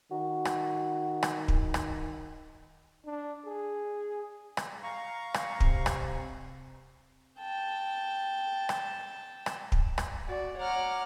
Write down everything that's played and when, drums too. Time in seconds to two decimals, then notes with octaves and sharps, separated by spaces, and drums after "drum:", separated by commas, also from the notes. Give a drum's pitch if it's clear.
0.11 D#3 F#4
0.45 drum: rim click
1.23 drum: rim click
1.48 drum: kick
1.74 drum: rim click
3.06 D4
3.46 G#4
4.57 drum: rim click
4.83 F5 A#5 C#6
5.34 drum: rim click
5.60 C3, drum: kick
5.86 drum: rim click
7.40 G5 A5
8.69 drum: rim click
9.46 drum: rim click
9.72 drum: kick
9.98 drum: rim click
10.28 F#4 D5
10.59 C#5 F#5 A#5 D6 F6